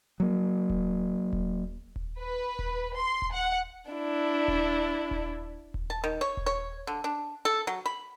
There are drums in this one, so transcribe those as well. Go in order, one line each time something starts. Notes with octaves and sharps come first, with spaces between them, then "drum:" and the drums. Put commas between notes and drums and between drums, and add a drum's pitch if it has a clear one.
F#3 A#3
drum: kick D#1
drum: kick D#1
drum: kick D#1
B4
drum: kick D#1
C6
drum: kick D#1
F#5
D4 E4
drum: kick D#1
drum: kick D#1
drum: kick D#1
A5
D#3
C#5
drum: kick D#1
C#5
D3
D4
A4
F#3
B5